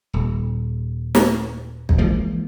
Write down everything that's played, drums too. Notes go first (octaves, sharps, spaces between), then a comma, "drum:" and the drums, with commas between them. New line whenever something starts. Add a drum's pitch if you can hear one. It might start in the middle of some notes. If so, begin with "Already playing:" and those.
D#1
drum: snare
drum: kick
E3 F3 G#3 A#3